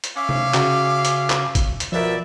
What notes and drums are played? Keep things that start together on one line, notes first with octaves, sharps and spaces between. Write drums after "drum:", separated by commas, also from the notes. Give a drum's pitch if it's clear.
drum: hi-hat
C#4 E5 F5 D6
drum: tom C3
C#3 F#4, drum: clap
drum: hi-hat
drum: clap
drum: kick A1, hi-hat
drum: hi-hat
B2 F3 F4 A#4 D5 E5